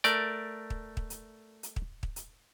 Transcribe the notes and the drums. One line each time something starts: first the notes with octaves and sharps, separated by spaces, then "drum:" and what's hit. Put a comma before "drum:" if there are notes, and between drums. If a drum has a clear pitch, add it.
A3 A#4 D5, drum: hi-hat
drum: kick
drum: kick
drum: hi-hat
drum: hi-hat
drum: kick
drum: kick
drum: hi-hat